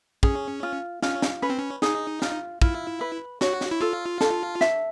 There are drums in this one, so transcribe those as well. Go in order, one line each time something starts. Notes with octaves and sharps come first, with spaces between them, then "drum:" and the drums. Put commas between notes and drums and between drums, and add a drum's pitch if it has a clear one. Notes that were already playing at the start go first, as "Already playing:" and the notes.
C#4 G#4, drum: kick
F4
C#4 F4, drum: snare
drum: snare
C#4 B4
C4
C#4
D#4 G#4, drum: snare
F4, drum: snare
E4 F4, drum: kick
B4
F#4 C#5, drum: snare
drum: snare
E4
F4 A4
A4, drum: snare
E5, drum: snare